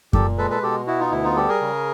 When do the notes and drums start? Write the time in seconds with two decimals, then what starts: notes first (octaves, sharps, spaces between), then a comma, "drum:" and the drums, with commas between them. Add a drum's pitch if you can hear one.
0.13 A#2 G4 A4, drum: kick F#2
0.38 G#3 A4 B4
0.50 A4 B4
0.63 B2 G4 A4
0.87 B3 E4 F#4
0.99 D#4 F4
1.11 D2 E4
1.24 D#4 F4
1.36 G3 G4 A4
1.49 G#4 A#4
1.61 C#3